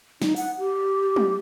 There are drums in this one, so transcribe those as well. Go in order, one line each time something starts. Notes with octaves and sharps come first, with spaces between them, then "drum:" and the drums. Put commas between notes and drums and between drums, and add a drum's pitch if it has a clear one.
D#4, drum: snare
F#5, drum: open hi-hat
G4
drum: tom F#3